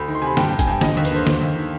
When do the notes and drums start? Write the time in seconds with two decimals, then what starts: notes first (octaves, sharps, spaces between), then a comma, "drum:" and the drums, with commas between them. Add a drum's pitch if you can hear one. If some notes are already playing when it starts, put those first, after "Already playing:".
Already playing: D2 B5
0.08 D#3
0.15 C6
0.22 C3 G#5 B5
0.37 G2 G5, drum: snare
0.48 G2 G5
0.59 G#5, drum: kick, hi-hat
0.67 G2 G5
0.81 D3 D#5, drum: snare
0.97 D#2
1.05 B4, drum: hi-hat
1.11 D3 C5
1.27 D#2, drum: snare
1.41 D#2
1.56 D#3